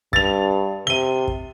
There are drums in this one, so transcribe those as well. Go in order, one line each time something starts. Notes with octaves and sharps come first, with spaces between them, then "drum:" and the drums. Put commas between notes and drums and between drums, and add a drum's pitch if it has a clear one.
G2 A6 F7, drum: kick
C3 D#7 G7
drum: kick